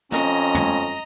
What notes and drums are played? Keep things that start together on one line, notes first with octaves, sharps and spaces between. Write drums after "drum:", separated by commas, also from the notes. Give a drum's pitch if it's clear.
F2 C#4 D#5 A#5, drum: snare
drum: tom